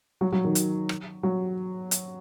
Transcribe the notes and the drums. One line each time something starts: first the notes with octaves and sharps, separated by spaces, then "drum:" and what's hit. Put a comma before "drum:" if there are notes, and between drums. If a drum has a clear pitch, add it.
F#3
F#3
D#3
drum: hi-hat
drum: rim click
F#3
drum: hi-hat